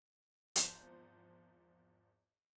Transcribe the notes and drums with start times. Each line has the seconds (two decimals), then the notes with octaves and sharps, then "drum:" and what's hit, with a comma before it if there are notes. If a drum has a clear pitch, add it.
0.56 G#1 E2 F3 C5 A5, drum: hi-hat